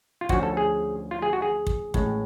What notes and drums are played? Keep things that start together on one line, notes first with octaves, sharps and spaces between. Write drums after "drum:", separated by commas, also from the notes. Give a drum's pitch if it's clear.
F4
D2 D3 F3 A3 C#4 F#4, drum: kick
A4
G#4
F4
G#4
F#4
G#4
drum: kick
A1 A2 G#3 C#4, drum: kick